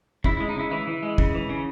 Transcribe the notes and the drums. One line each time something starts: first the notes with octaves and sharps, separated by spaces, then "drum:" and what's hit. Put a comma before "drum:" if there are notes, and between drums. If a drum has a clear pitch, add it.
C#3 E4, drum: kick
G#3 E4
D#4
C#3 E4
E3 E4
E3
G#3
C#3, drum: kick
E3
C#3